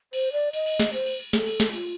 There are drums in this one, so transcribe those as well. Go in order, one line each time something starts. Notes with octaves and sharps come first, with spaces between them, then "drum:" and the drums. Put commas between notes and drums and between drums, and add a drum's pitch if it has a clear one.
C5, drum: cymbal
D5
D#5, drum: cymbal
drum: cymbal
drum: snare
C5, drum: cymbal
drum: cymbal
drum: cymbal
A4, drum: snare
drum: cymbal
drum: snare
F4, drum: cymbal